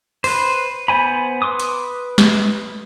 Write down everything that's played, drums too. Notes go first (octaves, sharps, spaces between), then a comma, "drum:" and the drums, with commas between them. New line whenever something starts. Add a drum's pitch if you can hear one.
B4 C5, drum: open hi-hat
B3 C5 G#5 B5
B4 C6 D6 D#6
drum: hi-hat
drum: snare